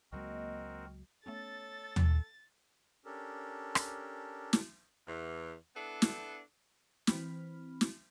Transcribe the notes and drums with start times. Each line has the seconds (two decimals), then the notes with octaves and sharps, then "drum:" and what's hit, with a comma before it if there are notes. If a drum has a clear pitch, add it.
0.12 C#2 F#3 G#3 A#3 C4 F#4 A#4 D#5
1.26 A3 B3 C#4 A4 C#5 A6
1.96 drum: tom D#2
3.05 C#4 D4 G4 A4 A#4
3.75 drum: rim click
4.53 drum: snare
5.07 E2
5.74 B3 D4 E4 A4
6.02 drum: snare
7.07 E3 C4 B5 F6, drum: snare
7.81 drum: snare